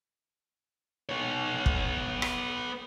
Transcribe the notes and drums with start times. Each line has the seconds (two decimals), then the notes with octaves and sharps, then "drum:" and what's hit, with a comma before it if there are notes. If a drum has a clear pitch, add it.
1.09 B3 C#5
1.66 drum: kick
2.22 drum: rim click